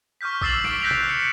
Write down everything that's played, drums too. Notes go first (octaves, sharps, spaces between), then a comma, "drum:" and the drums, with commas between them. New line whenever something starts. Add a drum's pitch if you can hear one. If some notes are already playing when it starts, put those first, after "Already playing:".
C#6 D6 F6 G6 B6
D6 E6 A6 C7 E7 F#7, drum: kick A#1
C#6 B6 D7, drum: snare
F#6 G6 A#6 B6 D7 F7
drum: tom
C#7